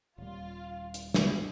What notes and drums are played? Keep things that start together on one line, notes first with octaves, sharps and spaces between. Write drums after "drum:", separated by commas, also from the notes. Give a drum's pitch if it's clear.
D#1 G3 F4
drum: hi-hat
B2 G#3 A3, drum: snare